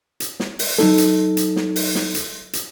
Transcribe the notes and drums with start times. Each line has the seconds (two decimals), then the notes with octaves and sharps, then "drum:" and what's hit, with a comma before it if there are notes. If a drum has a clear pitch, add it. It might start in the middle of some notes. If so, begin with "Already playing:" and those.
0.20 drum: hi-hat
0.40 drum: snare
0.59 drum: open hi-hat
0.78 F#3 D#4 A4, drum: snare
0.98 drum: hi-hat
1.37 drum: hi-hat
1.56 drum: snare
1.76 drum: open hi-hat
1.95 drum: snare
2.15 drum: hi-hat
2.53 drum: hi-hat